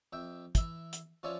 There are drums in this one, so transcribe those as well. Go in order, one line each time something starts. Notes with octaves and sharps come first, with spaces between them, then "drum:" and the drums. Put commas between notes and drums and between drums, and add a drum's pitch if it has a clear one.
F2 E5 G5
E3 E5, drum: kick, hi-hat
drum: hi-hat
F3 C#4 F4 C#5 D5 E5